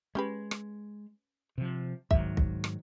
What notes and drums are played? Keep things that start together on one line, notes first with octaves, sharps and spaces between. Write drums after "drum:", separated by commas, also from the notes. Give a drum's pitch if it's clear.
G#3 C#4 G4 B4
drum: rim click
C3 F3
G#2 D#3 F#3 E5, drum: kick
drum: kick
drum: rim click